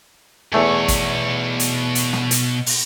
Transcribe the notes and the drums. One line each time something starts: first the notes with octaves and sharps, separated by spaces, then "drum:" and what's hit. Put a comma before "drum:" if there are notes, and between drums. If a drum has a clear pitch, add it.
E2 B2 A3 C#5 G#5
drum: kick, hi-hat
drum: hi-hat
drum: hi-hat
drum: snare
drum: hi-hat
drum: open hi-hat